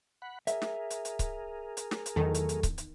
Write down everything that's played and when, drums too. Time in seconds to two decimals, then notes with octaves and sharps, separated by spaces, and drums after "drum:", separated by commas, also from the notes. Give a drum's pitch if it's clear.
0.22 F#5 B5
0.47 G#4 A#4 E5, drum: hi-hat
0.62 drum: snare
0.90 drum: hi-hat
1.05 drum: hi-hat
1.19 drum: kick C#1, hi-hat
1.77 drum: hi-hat
1.91 drum: snare
2.06 drum: hi-hat
2.16 E2 D#3 F#3 A3 A4
2.34 drum: hi-hat
2.49 drum: hi-hat
2.63 drum: kick C#1, hi-hat
2.78 drum: hi-hat